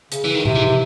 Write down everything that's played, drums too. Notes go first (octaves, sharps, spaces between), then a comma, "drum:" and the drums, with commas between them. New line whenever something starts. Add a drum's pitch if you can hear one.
C#3, drum: hi-hat
E3
D#3
C3, drum: tom A2
E3